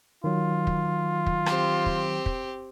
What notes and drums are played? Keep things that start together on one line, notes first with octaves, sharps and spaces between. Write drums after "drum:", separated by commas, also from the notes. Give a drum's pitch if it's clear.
D#3 F#3 F4
drum: kick
drum: kick
C4 G4, drum: rim click
drum: kick
drum: kick